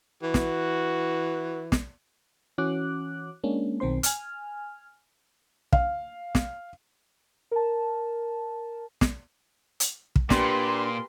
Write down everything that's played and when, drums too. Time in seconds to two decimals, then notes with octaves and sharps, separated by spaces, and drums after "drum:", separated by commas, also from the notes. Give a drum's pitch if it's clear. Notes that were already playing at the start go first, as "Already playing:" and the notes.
0.23 E3 F#4
0.34 drum: snare
1.72 drum: snare
2.58 E3 C#4 F#4 D6 F#6
3.44 G#3 A#3 C#4 D4
3.80 B1 D#3 C4 C5 C6
4.03 G#5 F6, drum: hi-hat
5.73 F5, drum: kick
6.35 drum: snare
7.51 A#4 A5
9.01 drum: snare
9.80 drum: hi-hat
10.16 drum: kick
10.30 A#2 D4 G4 B4 C6, drum: snare